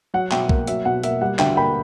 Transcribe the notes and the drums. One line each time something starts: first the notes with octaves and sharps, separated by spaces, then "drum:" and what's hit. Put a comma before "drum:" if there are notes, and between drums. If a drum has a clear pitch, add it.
F#3 F#5
B2 E5 G5, drum: clap
A#3, drum: kick B1
F#3 E5, drum: hi-hat
B2 F#5
A#3 E5, drum: hi-hat
G3 F#5
D3 E5 G5, drum: clap
A#3 G5 B5